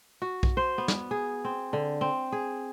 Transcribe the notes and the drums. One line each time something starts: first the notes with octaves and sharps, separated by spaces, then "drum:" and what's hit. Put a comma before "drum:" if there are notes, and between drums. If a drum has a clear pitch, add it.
F#4
drum: kick B1
C5
B3
drum: snare
G#4
C4
D3
C4
G#4